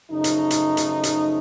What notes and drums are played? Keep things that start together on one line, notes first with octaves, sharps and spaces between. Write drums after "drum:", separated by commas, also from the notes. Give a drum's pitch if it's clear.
F#2 C#3 F3 A3 D#4
drum: hi-hat
drum: hi-hat
drum: hi-hat
drum: hi-hat